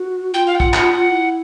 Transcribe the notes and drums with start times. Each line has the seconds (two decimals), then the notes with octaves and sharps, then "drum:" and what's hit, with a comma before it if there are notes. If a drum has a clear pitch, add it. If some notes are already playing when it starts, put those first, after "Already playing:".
Already playing: F#4
0.34 F4 G5
0.47 F5
0.55 G5
0.60 F#5, drum: kick B1
0.74 F#5, drum: clap
1.13 E4